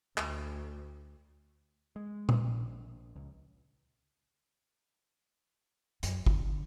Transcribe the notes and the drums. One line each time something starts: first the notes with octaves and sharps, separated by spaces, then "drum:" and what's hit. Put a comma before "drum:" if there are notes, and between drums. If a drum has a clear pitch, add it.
D2, drum: clap
G#3
drum: tom A#2
A#1
C#2
F#2, drum: hi-hat
D3, drum: kick G1